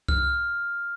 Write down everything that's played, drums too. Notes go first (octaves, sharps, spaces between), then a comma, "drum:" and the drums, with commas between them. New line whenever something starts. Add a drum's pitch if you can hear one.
F6, drum: kick C2